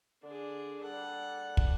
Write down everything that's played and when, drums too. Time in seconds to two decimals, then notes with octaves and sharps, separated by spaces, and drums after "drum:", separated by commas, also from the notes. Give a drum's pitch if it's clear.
0.23 D3 D4 G#4
0.83 G3 A4 D5 F#5
1.57 drum: kick